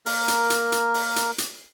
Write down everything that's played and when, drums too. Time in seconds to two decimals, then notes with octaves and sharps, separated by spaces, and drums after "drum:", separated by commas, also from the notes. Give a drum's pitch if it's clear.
0.06 A#3 A#4, drum: open hi-hat
0.28 drum: hi-hat
0.50 drum: hi-hat
0.72 drum: hi-hat
0.94 drum: open hi-hat
1.16 drum: hi-hat
1.38 drum: hi-hat